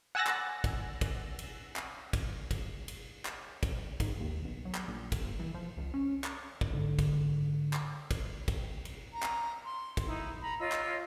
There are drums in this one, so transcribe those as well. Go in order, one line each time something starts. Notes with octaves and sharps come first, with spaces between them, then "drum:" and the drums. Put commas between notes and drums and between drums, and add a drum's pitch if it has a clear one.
F#5 G#5 E6 F#6 A6 A#6
drum: clap
drum: kick, cymbal
drum: kick, cymbal
drum: cymbal
drum: clap
drum: kick, cymbal
drum: kick, cymbal
drum: cymbal
drum: clap
drum: kick, cymbal
G#2, drum: kick, cymbal
D#2
B1
F#3
drum: clap
A#1
drum: kick, cymbal
G1
E3
F3
C#2
C#4
drum: clap
drum: kick
G#2 D3
drum: kick, cymbal
drum: clap
drum: kick, cymbal
drum: kick, cymbal
drum: cymbal
A#5
drum: clap
C6
drum: kick, cymbal
D#4 E4
A#5 B5
F4 C#5 D#5 E6
drum: clap